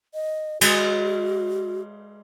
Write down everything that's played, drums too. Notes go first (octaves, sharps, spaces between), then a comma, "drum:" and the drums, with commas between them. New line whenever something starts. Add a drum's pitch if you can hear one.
D#5
G#3 F#4, drum: cymbal